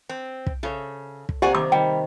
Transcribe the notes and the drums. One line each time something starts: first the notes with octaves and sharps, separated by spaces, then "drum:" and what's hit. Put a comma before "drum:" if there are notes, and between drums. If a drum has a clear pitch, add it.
C4
drum: kick
C#3 A4 C#5 E5
drum: kick
C3 A#3 G4 D5 F#5 G#5
D#3 D6
D#3 G3 G5